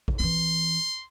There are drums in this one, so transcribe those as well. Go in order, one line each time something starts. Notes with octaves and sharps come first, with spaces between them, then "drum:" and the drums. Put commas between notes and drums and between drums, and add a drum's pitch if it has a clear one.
drum: kick A1
E3 C4 C6